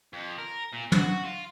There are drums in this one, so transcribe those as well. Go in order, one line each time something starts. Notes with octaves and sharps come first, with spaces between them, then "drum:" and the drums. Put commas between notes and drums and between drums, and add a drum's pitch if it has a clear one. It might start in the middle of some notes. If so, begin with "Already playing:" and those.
F2
A#4
A#2
F#4, drum: tom
F4